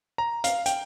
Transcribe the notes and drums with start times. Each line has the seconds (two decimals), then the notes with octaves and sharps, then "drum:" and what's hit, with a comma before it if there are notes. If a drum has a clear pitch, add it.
0.18 A#5
0.44 F5, drum: hi-hat
0.66 G5, drum: hi-hat